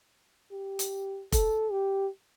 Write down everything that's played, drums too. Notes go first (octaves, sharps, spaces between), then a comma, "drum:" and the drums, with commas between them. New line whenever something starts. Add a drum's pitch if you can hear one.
G4
drum: hi-hat
A4, drum: kick F1, hi-hat
G4